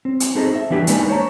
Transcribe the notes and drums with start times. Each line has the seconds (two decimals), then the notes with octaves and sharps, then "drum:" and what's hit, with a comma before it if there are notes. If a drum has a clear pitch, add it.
0.05 C4
0.20 drum: hi-hat
0.35 C4 D#4 G#4 A4 C5 D#5
0.56 E5
0.70 E3 B3 D4 E4 G4 B4
0.87 G#3 A#3 D4 D#4 B4 G#5, drum: hi-hat
1.08 C5 C#5 D#5 A5 A#5